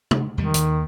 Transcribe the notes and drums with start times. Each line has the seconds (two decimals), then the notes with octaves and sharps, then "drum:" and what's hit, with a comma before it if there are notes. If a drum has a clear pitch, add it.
0.11 drum: tom C3
0.38 E2 D#3 G3 G#3
0.54 D#2, drum: hi-hat